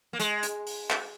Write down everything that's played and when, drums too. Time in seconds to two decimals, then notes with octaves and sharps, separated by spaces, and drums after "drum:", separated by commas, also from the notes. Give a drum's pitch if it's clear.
0.13 A#3
0.20 G#3, drum: hi-hat
0.43 drum: hi-hat
0.67 drum: open hi-hat
0.90 drum: clap